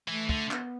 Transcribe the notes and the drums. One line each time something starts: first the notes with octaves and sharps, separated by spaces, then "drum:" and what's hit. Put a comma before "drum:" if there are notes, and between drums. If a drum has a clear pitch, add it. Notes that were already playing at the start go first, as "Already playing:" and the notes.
E3 A3
D3, drum: kick
B3, drum: clap